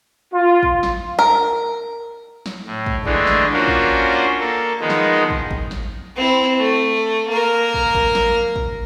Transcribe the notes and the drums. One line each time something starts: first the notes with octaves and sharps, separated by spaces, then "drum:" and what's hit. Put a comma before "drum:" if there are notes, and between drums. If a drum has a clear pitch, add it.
F4
drum: kick
drum: snare
A#4
drum: snare
A2
drum: kick
D3 E3 G#3 A3 D4, drum: kick
drum: snare
A#3 C#4 D4 F4 F#4 C5
drum: kick
A#3 A4
D#3 F3 G#3 B3 D#4
drum: snare
drum: kick
drum: kick
drum: snare
C4 E4
A3
A#3 A#4
drum: kick
drum: kick
drum: snare
drum: kick